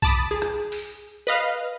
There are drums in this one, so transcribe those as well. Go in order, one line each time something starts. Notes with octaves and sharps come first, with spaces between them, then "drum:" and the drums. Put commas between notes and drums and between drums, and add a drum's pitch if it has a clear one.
A5 B5 D6 D#6, drum: kick B1
G#4
drum: rim click
drum: open hi-hat
B4 D#5 F5